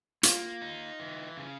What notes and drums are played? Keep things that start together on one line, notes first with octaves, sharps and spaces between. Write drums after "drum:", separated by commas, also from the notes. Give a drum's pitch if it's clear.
A#3 F4, drum: hi-hat
D#4
E3
C#3